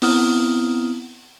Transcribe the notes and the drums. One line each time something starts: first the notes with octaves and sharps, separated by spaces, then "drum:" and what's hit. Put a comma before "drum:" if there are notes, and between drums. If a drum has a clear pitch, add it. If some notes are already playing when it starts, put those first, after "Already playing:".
B3 C4 E4 D#6 F6, drum: open hi-hat